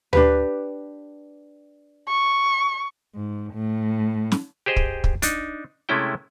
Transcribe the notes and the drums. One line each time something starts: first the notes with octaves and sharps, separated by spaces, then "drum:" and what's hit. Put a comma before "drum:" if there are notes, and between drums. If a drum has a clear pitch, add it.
D4 G4 B4, drum: tom D2
C#6
G#2
A2
drum: snare
G4 G#4 C5 D#5 G5
drum: kick
drum: kick
D4 D#4, drum: hi-hat
C3 G#3 A3 C#4 E4 G5